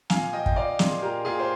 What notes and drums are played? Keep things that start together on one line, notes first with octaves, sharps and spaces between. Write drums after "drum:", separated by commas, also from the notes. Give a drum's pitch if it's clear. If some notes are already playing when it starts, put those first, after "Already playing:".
A#2 F5 G#5, drum: snare
F3 D#5 G5
G5, drum: kick
A#2 D5 F5
A#2 F4 G#4, drum: snare
A#2 G4 A#4
A#2 F4 G#4
C5